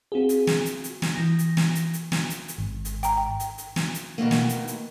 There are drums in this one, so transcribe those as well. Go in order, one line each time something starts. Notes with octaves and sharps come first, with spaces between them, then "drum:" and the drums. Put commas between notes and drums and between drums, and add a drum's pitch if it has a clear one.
C4 F4 F#4 G#4
drum: hi-hat
drum: snare
drum: hi-hat
drum: hi-hat
drum: snare
E3 A#6
drum: hi-hat
drum: snare
drum: hi-hat
drum: hi-hat
drum: snare
drum: hi-hat
drum: hi-hat
G#1
drum: hi-hat
G5 A#5, drum: hi-hat
G5
drum: hi-hat
drum: hi-hat
drum: snare
drum: hi-hat
B2 D#3 A3 A#3
drum: snare
drum: hi-hat
drum: hi-hat